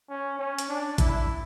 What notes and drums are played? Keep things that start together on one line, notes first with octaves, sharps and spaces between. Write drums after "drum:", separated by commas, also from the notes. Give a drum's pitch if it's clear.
C#4
C#4
drum: hi-hat
D4
E4, drum: kick A1, hi-hat